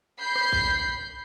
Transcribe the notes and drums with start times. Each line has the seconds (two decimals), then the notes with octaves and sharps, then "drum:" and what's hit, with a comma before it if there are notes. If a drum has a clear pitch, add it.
0.19 B5 G6 C7
0.36 drum: rim click
0.52 drum: kick A1